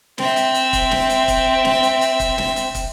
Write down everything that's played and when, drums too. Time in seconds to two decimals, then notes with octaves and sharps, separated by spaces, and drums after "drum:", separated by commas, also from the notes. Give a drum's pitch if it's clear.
0.18 C4 E5, drum: snare
0.36 drum: hi-hat
0.55 drum: hi-hat
0.73 drum: kick, hi-hat
0.91 drum: snare
1.10 drum: hi-hat
1.28 drum: kick, hi-hat
1.65 drum: snare
1.83 drum: hi-hat
2.01 drum: hi-hat
2.20 drum: kick, hi-hat
2.38 drum: snare
2.56 drum: hi-hat
2.75 drum: kick, hi-hat